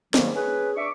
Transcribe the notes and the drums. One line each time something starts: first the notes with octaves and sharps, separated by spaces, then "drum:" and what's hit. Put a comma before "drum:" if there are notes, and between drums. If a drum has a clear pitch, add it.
G#2 D#3 F#3 G3 A#3, drum: snare
C#4 G#4 B4
D4 E5 C#6 D6